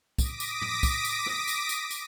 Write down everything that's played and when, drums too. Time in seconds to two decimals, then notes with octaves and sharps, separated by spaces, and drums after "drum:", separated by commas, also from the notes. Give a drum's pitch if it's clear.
0.18 D6 D#6 A#6 B6 D7, drum: kick, tambourine
0.40 drum: tambourine
0.62 drum: tom
0.83 drum: kick, tambourine
1.05 drum: tambourine
1.26 drum: rim click
1.48 drum: tambourine
1.69 drum: tambourine
1.91 drum: tambourine